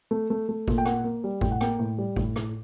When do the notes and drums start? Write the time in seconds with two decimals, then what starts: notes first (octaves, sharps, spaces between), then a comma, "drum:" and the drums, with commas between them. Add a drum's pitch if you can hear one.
0.11 A3
0.30 A3
0.49 A3
0.68 A#2, drum: kick G#1
0.78 G5
0.85 A#3 F#5, drum: rim click
1.04 A#3
1.24 G3
1.41 A2 G5, drum: kick G#1
1.52 F#5
1.61 A#3 G5, drum: rim click
1.79 A2
1.98 G3
2.16 A2, drum: kick G#1
2.36 A2, drum: rim click